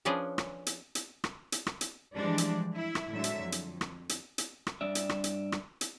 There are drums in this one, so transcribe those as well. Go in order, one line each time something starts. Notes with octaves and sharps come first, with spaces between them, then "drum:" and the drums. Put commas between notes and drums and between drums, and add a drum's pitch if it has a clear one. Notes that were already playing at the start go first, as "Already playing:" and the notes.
F3 C#4 D4 G#4 B4 D5
drum: rim click
drum: hi-hat
drum: hi-hat
drum: rim click
drum: hi-hat
drum: rim click
drum: hi-hat
E3 F3 G3 G#3 D4 D5
drum: hi-hat
E4 E5
drum: rim click
A2 D3 F#3 G#3 E5
drum: hi-hat
F2
drum: hi-hat
drum: rim click
drum: hi-hat
drum: hi-hat
drum: rim click
G2 D5 E5
drum: hi-hat
drum: rim click
drum: hi-hat
drum: rim click
drum: hi-hat